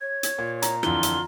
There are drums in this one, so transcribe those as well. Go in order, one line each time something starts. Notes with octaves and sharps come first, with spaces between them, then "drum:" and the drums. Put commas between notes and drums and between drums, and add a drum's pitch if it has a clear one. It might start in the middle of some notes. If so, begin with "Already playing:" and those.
C#5 G#6
drum: hi-hat
A#2
A#5, drum: hi-hat
F2 D3 E3 F4 G7, drum: rim click
drum: hi-hat